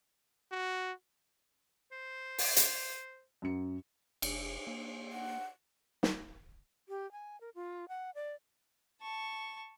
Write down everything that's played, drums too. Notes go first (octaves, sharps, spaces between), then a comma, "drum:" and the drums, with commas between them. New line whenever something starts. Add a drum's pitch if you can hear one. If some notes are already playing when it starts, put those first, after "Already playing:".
F#4
C5
drum: open hi-hat
drum: hi-hat
F#2 C#7
F1, drum: cymbal
A#3
F#5
drum: snare
G4
G#5
A#4
F4
F#5
D5
A5 C#6